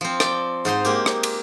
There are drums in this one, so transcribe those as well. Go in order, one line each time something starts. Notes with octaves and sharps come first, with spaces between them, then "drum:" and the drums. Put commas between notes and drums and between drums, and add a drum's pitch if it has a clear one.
F3 C4
D5 G5, drum: rim click
G#2 D#4 C5 C6
G#3 A#3 G4
drum: rim click
drum: cymbal